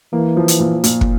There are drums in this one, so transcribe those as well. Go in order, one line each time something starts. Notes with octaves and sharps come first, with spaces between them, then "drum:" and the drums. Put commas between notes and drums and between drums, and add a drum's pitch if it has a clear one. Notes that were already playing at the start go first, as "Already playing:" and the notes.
E3 A#3
F3
drum: hi-hat
A#2
A#2, drum: hi-hat
drum: kick